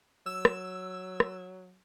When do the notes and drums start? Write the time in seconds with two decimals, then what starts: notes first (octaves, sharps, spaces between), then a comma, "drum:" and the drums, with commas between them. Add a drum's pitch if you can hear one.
0.26 F#3 E6
0.45 drum: rim click
1.20 drum: rim click